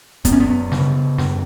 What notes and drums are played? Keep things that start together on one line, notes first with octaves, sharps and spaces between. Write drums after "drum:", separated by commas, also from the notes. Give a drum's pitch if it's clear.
F#2 B3, drum: kick E1, hi-hat
C#4
B3
C#3, drum: snare
F#2, drum: snare